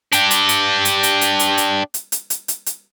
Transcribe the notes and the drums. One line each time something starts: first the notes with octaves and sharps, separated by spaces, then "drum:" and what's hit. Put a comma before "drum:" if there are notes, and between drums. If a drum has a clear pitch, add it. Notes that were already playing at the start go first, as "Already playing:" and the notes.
D4 G4, drum: hi-hat
drum: hi-hat
drum: hi-hat
drum: hi-hat
drum: hi-hat
drum: hi-hat
drum: hi-hat
drum: hi-hat
drum: hi-hat
drum: hi-hat
drum: hi-hat
drum: hi-hat
drum: hi-hat